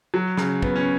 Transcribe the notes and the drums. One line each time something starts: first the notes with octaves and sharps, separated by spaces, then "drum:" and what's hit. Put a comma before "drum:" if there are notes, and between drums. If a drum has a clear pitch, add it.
F#3
C#3, drum: snare
B3, drum: kick
C#4